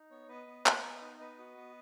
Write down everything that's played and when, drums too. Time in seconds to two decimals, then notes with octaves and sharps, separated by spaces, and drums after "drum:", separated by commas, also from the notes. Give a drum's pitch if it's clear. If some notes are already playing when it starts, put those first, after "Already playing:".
Already playing: D#4
0.11 B3 C#5
0.28 B3 B4 D#5
0.47 B3
0.66 B3, drum: clap
0.84 B3
1.01 D#4
1.20 B3 B4 D#5
1.38 F#4
1.57 B3